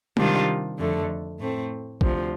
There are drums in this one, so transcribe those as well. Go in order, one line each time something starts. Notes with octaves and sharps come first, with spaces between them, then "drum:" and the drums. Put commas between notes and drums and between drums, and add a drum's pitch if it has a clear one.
C3 D#3 G3 D4 F4, drum: tom G#3
F2 D3 A3
A2 A3 C4
D2 C3 F3, drum: kick